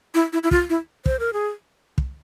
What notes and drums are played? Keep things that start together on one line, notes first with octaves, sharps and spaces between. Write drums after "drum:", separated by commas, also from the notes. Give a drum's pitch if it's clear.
E4
E4
E4
F4, drum: kick
E4
C5, drum: kick
A#4
G#4
drum: kick